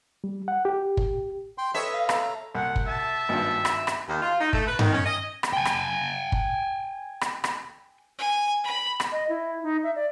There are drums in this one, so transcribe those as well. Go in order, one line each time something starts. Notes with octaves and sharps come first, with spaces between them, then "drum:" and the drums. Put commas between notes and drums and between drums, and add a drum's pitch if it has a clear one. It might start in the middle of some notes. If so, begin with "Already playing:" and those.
G3
F#5
G4
drum: kick
G5 C6
A4 B4 C#5 D#5 E5
F5
A4 A#5, drum: rim click
C2 F#5
drum: kick
E5 A5
G#1 G2
drum: rim click
drum: rim click
D#2
F4
D#4
A3, drum: kick
B4
D#3, drum: tom G2
C#4
D#5
drum: rim click
G5 G#5
drum: rim click
drum: kick
drum: rim click
drum: rim click
G#5
B5
drum: rim click
D#5
E4
D#4
E5
D5